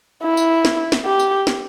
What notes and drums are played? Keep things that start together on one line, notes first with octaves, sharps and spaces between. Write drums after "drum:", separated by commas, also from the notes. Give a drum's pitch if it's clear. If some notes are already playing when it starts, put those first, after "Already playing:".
E4
drum: tambourine
drum: snare
drum: snare
G4
drum: tambourine
drum: snare